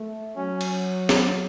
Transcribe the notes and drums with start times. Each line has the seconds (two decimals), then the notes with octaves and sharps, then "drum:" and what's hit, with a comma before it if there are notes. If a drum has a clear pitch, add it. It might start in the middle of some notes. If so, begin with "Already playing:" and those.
Already playing: A3
0.36 F#3 C#4
0.61 drum: cymbal
1.09 drum: snare